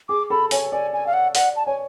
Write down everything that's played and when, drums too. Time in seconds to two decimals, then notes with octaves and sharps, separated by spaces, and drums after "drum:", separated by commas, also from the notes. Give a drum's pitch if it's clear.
0.09 G#4 D6
0.30 A4 B5
0.51 C#5 G#5, drum: open hi-hat
0.72 D5 G#5
0.93 G#5
1.07 F5
1.13 F#5
1.35 D5 F#5, drum: open hi-hat
1.56 A5
1.66 C#5 G#5